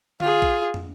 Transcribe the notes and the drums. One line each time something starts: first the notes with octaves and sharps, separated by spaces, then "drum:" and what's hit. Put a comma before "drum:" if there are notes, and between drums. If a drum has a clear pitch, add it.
F4 G#4, drum: tom D3
drum: kick A#1
drum: tom